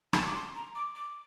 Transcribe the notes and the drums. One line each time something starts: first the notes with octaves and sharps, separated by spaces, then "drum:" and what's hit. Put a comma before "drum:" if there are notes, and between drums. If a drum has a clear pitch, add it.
A5, drum: rim click
D6
C6
A#5
D6
D6